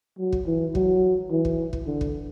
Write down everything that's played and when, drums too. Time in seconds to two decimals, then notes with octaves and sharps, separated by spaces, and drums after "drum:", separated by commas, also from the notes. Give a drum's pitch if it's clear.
0.19 F#3
0.32 drum: kick
0.46 E3
0.75 F#3, drum: kick
1.30 E3
1.45 drum: kick
1.73 drum: kick
1.87 D3
2.01 drum: kick